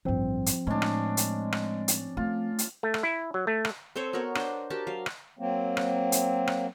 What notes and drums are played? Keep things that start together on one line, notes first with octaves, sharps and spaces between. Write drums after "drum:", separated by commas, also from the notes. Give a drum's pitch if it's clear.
A1 G2 F3 C4
drum: hi-hat
A2 G#3 C#4 D4
drum: rim click
drum: hi-hat
drum: rim click
drum: hi-hat
A3 F4
drum: hi-hat
A3
drum: rim click
E4
F#3
A3
drum: rim click
C4 A4 C5 C#5
B3 F#4 A#4 C#5
D4 C5, drum: rim click
F#4 G4 A#4 A5
F#3 F5
drum: rim click
F#3 A#3 C4
drum: rim click
drum: hi-hat
drum: rim click